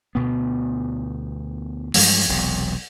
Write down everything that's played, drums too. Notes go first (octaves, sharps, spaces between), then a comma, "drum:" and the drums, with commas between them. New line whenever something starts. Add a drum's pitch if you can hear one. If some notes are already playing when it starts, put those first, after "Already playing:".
D2 B2 B3
G2 F3 F#3 G#3, drum: open hi-hat
E1 B1 C3